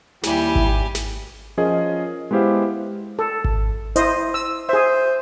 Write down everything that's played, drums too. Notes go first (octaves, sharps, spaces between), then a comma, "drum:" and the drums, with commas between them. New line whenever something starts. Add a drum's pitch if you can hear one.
D#2 G3 E4 G4 G#5, drum: snare
drum: kick G#1
drum: snare
F3 C#4 G#4 A#4 D#5
G#3 B3 E4 G4 C5 F5
A4
drum: kick G#1
E4 C5 D#5, drum: hi-hat
E6
G#4 C5 E5